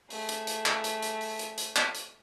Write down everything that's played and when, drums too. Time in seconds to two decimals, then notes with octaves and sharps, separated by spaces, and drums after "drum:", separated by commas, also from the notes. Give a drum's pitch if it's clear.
0.10 A3 G#4, drum: open hi-hat
0.29 drum: hi-hat
0.47 drum: hi-hat
0.66 drum: clap
0.84 drum: hi-hat
1.02 drum: hi-hat
1.21 drum: open hi-hat
1.39 drum: hi-hat
1.58 drum: hi-hat
1.76 drum: clap
1.95 drum: hi-hat